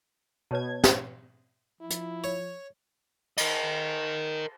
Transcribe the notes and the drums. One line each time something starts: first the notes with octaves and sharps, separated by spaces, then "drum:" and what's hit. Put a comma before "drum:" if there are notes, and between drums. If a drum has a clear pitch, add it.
B2 B4 C#5 A5 G#6
drum: snare
F3 E4
drum: hi-hat
C#5
A#4 D#5, drum: cymbal